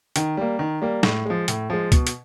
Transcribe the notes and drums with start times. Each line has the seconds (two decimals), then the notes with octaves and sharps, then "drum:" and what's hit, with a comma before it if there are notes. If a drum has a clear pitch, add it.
0.16 D#3, drum: hi-hat
0.37 G3 A#3
0.59 D#3
0.82 G3 A#3
1.03 A2, drum: snare
1.25 F3 G#3
1.48 A2, drum: hi-hat
1.70 F3 G#3
1.92 B2, drum: kick C#2, hi-hat
2.07 drum: hi-hat